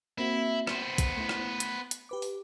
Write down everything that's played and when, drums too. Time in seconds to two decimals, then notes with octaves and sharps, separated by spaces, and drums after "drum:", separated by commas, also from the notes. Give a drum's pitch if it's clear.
0.18 A#3 C4 E4 F#4
0.67 B3 C5, drum: rim click
0.98 drum: kick, hi-hat
1.17 A3 E4
1.29 drum: rim click
1.60 drum: hi-hat
1.91 drum: hi-hat
2.09 G4 B4 D6
2.22 drum: open hi-hat